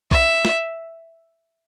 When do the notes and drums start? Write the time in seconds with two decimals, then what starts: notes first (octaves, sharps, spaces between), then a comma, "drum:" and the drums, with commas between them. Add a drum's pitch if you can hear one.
0.11 E5, drum: kick B1
0.45 drum: snare